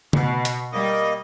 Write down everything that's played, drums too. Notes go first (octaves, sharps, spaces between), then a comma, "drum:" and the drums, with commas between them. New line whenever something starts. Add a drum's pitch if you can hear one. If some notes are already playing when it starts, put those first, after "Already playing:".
B2, drum: tom C#3
drum: hi-hat
G3 A#3 D#5